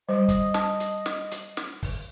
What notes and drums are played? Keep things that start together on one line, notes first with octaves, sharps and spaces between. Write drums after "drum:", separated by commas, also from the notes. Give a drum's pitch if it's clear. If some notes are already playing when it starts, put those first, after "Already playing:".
G3 C5 D#5
drum: kick, hi-hat
A5, drum: snare
drum: hi-hat
drum: snare
drum: hi-hat
drum: snare
drum: kick, open hi-hat